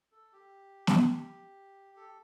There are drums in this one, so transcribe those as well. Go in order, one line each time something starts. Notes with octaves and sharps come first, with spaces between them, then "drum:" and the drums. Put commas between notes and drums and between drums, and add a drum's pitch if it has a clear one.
A4
G4
drum: snare
A4